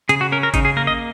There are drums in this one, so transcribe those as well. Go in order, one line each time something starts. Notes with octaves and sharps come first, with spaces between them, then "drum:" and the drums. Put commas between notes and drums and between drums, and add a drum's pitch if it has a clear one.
C#3 G#4, drum: hi-hat
F#4
C#4 A#4
A#4
C#3 D#4, drum: kick G#1, hi-hat
G#4
A#3 A#4
D#5